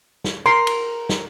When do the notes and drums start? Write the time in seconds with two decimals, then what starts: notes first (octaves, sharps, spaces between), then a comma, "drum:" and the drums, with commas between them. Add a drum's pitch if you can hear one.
0.24 drum: snare
0.46 A#4 C6
0.67 drum: cymbal
1.09 drum: snare